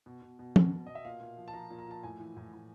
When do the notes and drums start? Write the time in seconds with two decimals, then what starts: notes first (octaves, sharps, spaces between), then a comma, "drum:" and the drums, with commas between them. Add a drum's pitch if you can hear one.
0.06 B2
0.22 B2
0.39 B2
0.56 B2, drum: tom F3
0.72 B2
0.86 B2 D#5
0.95 E5
1.05 A#2 F5
1.21 A#2
1.37 F3
1.48 A5
1.53 F3 A#5
1.70 A#2
1.79 A#5
1.87 F3 A5
2.03 A2 G#5
2.19 E3
2.36 A2
2.53 A2